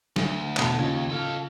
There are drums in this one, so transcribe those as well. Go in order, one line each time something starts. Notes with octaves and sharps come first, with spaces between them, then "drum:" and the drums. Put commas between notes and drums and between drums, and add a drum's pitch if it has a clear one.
D2, drum: snare F#3
E2 B2 A5, drum: clap
D#2 C#3 F4 G#6
A4 F5